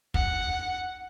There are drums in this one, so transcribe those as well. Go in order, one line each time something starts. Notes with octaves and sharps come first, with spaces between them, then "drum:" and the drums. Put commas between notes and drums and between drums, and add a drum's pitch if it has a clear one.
F#5, drum: kick